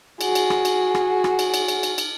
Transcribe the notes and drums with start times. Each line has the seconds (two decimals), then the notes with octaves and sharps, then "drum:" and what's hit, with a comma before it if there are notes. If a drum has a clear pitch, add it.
0.21 F#4 G#4, drum: cymbal
0.35 drum: cymbal
0.50 drum: rim click
0.65 drum: cymbal
0.94 drum: rim click
1.24 drum: rim click
1.39 drum: cymbal
1.54 drum: cymbal
1.68 drum: cymbal
1.83 drum: cymbal
1.98 drum: cymbal